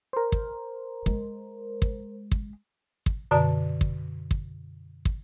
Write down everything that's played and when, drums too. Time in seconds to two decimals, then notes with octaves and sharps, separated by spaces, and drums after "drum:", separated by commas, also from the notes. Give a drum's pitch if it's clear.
0.13 A#4 C5
0.32 drum: kick
1.06 G#3, drum: kick
1.82 drum: kick
2.32 drum: kick
3.06 drum: kick
3.31 F#2 B2 D3 D5 A5
3.81 drum: kick
4.31 drum: kick
5.05 drum: kick